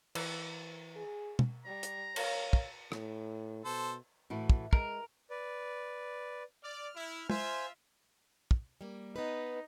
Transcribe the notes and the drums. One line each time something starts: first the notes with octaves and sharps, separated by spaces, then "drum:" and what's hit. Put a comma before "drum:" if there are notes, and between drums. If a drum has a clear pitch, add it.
E3, drum: cymbal
G#4
drum: tom
G3 A#5
drum: hi-hat
A#4 C#5 F5, drum: cymbal
drum: kick
A2, drum: rim click
B2 A4 C5
A2 E3 F#4
drum: kick
G#3 A#4, drum: kick
B4 D5
D5 F6
E4
F4 C5 E5 G#5, drum: tom
drum: kick
G3 A#3
B3 D#4 B4